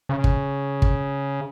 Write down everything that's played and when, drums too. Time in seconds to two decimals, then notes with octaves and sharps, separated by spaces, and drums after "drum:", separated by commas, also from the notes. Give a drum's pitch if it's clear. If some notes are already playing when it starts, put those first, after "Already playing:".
0.09 C#3
0.24 drum: kick
0.82 drum: kick